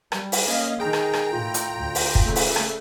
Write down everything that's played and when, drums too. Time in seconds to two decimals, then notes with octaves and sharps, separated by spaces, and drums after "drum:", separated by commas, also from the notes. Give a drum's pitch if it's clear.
0.12 G3, drum: rim click
0.32 drum: open hi-hat
0.48 A#3 C#4 D#5 F5
0.80 D#3 G#4 G5 A#5
0.93 drum: rim click
1.13 drum: rim click
1.33 A2 F4
1.54 drum: hi-hat
1.79 D2
1.95 drum: open hi-hat
2.15 drum: kick
2.25 C#3 A3
2.36 drum: open hi-hat
2.56 drum: rim click